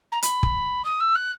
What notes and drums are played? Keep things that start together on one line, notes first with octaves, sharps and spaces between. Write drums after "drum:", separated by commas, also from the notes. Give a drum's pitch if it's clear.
A#5
B5, drum: hi-hat
drum: kick
D#6
E6
F#6